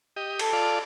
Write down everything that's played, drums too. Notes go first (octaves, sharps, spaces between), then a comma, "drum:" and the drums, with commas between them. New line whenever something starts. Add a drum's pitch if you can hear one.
G4 D#5
A4, drum: cymbal
F4 D5